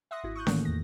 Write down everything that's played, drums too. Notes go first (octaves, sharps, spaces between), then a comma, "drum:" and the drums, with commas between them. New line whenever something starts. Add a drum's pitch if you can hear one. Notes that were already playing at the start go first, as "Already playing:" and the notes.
E5 F#5 C6 D#6 A#6
G#1 E4 F#4
C#6 D#6 F#6 G6
A2 D#3 E3 A3 A#3, drum: snare C#4
E2 A#6